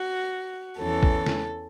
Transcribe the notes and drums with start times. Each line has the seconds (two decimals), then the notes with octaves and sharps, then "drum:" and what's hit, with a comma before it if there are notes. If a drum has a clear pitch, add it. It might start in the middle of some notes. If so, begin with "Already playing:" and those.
Already playing: F#4
0.78 E2 E3 C#4 A4
1.03 drum: kick A#1
1.26 drum: snare